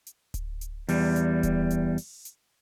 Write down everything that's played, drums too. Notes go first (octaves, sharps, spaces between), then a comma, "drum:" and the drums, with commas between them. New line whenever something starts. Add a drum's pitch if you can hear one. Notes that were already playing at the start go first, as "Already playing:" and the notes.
drum: hi-hat
drum: kick D1, hi-hat
drum: hi-hat
E2 G3, drum: open hi-hat
drum: hi-hat
drum: kick D1, hi-hat
drum: hi-hat
drum: open hi-hat
drum: hi-hat